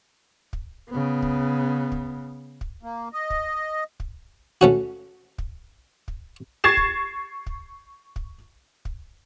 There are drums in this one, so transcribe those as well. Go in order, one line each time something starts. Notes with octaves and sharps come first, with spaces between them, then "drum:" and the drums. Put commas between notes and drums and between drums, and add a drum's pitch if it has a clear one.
drum: kick
C#3 B3
drum: kick
drum: kick
drum: kick
A#3
D#5
drum: kick
drum: kick
A3 C#4 F#4
drum: kick
drum: kick
C#6 G#6 A6 C7 E7
drum: kick
drum: kick
drum: kick
drum: kick